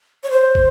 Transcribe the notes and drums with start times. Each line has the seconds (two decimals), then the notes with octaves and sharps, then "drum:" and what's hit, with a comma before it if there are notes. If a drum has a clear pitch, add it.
0.24 C#5
0.31 C5
0.55 drum: kick